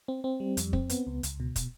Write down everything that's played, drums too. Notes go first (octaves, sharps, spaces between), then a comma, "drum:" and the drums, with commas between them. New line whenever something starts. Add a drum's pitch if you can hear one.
C4
C4
G3
F2, drum: hi-hat
C4, drum: kick
B3, drum: hi-hat
C#2
C#2, drum: hi-hat
B2
drum: kick, hi-hat